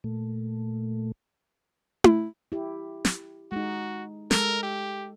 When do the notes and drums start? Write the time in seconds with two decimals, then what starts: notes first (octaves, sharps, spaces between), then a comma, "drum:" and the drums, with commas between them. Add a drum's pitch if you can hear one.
0.04 A#2 A3
2.04 drum: tom E4
2.52 E4 G4
3.05 drum: snare
3.52 G#3 D#4 F#4
4.31 G#3 A4 A#4, drum: snare
4.63 G4